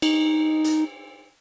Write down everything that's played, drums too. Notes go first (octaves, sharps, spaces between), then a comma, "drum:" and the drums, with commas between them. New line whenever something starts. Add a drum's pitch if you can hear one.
D#4, drum: cymbal
drum: hi-hat